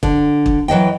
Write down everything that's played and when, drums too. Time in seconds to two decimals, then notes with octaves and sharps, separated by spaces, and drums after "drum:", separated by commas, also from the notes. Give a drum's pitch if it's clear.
0.03 D3, drum: kick
0.46 drum: kick
0.68 E3 F#3 D#5 G5